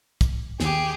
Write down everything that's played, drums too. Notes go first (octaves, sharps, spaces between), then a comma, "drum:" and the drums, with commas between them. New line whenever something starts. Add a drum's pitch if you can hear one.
drum: kick, hi-hat
D#2 G4 G#4, drum: snare